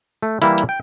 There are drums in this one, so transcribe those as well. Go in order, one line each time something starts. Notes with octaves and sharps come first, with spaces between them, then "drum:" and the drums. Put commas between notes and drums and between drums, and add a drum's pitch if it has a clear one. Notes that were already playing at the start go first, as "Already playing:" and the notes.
A3
E3 G3 A#3 E4, drum: hi-hat
drum: hi-hat
G5